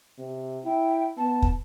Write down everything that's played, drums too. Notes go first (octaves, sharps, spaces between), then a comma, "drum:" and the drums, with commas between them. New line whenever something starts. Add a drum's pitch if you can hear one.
C3
E4 G5
B3 A5
drum: kick